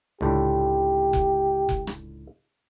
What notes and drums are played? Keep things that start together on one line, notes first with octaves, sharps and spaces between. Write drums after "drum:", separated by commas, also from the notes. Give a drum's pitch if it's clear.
C#2 A2 D3 G4
drum: kick F1
drum: kick F1
drum: rim click